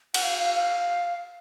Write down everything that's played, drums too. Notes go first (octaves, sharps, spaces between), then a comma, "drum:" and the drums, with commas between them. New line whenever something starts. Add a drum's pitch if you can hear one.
F#5, drum: cymbal
F5
F5
F5